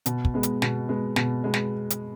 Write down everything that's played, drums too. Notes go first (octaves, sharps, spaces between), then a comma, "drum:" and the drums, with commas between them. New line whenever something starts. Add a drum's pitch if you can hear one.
B2, drum: hi-hat
drum: kick
G#3 B3
drum: hi-hat
B2, drum: snare
G#3 B3
B2, drum: snare
G#3 B3
drum: snare
drum: hi-hat